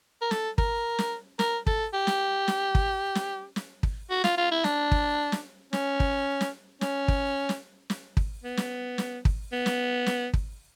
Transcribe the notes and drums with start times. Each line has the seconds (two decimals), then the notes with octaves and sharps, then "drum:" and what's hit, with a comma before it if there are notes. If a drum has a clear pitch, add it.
0.22 A#4
0.31 A4, drum: snare
0.58 A#4, drum: kick
0.99 drum: snare
1.39 A#4, drum: snare
1.67 A4, drum: kick
1.93 G4
2.07 drum: snare
2.48 drum: snare
2.75 drum: kick
3.15 drum: snare
3.56 drum: snare
3.83 drum: kick
4.10 F#4
4.24 F4, drum: snare
4.38 F4
4.51 E4
4.64 D4, drum: snare
4.92 drum: kick
5.32 drum: snare
5.73 C#4, drum: snare
6.00 drum: kick
6.41 drum: snare
6.81 C#4, drum: snare
7.08 drum: kick
7.49 drum: snare
7.90 drum: snare
8.17 drum: kick
8.44 B3
8.57 drum: snare
8.98 drum: snare
9.25 drum: kick
9.52 B3
9.66 drum: snare
10.06 drum: snare
10.34 drum: kick